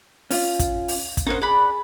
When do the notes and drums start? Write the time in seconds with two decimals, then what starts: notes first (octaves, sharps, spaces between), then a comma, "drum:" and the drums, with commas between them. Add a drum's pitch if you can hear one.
0.31 C#4 F4, drum: open hi-hat
0.59 drum: kick, hi-hat
0.88 drum: open hi-hat
1.17 drum: kick, hi-hat
1.27 C#4 D#4 A#4 C5 F#5
1.42 G#4 D5 F#5 B5